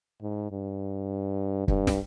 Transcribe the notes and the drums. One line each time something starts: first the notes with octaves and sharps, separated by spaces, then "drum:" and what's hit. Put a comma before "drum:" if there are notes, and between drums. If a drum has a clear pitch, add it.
G#2
G2
G2, drum: kick
drum: snare